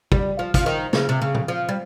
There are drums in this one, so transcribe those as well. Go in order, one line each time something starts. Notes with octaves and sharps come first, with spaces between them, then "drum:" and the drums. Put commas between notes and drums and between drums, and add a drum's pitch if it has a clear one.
G3, drum: kick
F3
F3, drum: kick, hi-hat
D#3
C#3, drum: snare
C3
C#3
drum: tom A#2
F3
G3